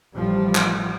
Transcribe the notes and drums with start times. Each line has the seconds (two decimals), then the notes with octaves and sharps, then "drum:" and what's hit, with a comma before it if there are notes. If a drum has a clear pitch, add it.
0.15 A1 F3 G3
0.55 drum: clap